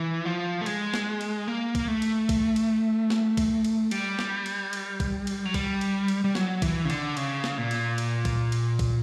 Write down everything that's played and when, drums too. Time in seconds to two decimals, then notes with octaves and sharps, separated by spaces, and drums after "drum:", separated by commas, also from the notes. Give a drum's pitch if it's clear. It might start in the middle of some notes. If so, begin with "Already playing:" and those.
Already playing: E3
0.25 F3
0.61 A3
0.66 G#3, drum: cymbal
0.94 drum: snare
1.21 drum: cymbal
1.48 A#3
1.75 drum: kick, cymbal
1.88 A3
2.02 drum: cymbal
2.29 drum: kick, cymbal
2.56 drum: cymbal
3.10 drum: snare
3.37 drum: kick, cymbal
3.65 drum: cymbal
3.91 G3, drum: cymbal
4.19 drum: snare
4.46 drum: cymbal
4.73 drum: cymbal
5.00 drum: kick, cymbal
5.27 drum: cymbal
5.45 F#3
5.54 G3, drum: kick, cymbal
5.81 drum: cymbal
6.08 drum: cymbal
6.24 G3
6.35 F#3, drum: snare
6.62 E3, drum: kick, cymbal
6.85 C#3
6.90 D3, drum: cymbal
7.17 C#3, drum: cymbal
7.44 drum: snare
7.58 A#2
7.71 drum: cymbal
7.98 drum: cymbal
8.25 drum: kick, cymbal
8.52 drum: cymbal
8.79 drum: kick, cymbal